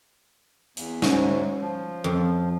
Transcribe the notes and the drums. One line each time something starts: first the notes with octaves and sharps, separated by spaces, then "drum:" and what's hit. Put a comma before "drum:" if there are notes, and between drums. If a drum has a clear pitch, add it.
E2, drum: hi-hat
D2 G#2 C#4, drum: snare
F3
F2